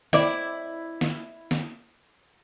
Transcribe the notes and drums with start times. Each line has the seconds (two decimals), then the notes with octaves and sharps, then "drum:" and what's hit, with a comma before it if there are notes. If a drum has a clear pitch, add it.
0.13 E4 D5, drum: snare
1.01 drum: snare
1.51 drum: snare